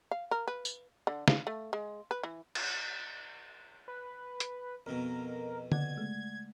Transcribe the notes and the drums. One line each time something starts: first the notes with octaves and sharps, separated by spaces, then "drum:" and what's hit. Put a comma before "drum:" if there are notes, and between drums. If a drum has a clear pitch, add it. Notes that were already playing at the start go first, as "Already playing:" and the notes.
F5
A#4
B4
drum: tambourine
D3
F5, drum: snare
A3
G#3
B4
E3
drum: cymbal
B4
drum: hi-hat
F2 B2 A#4
C#3 D5 F#5 G#6, drum: tom D3
G#3 A3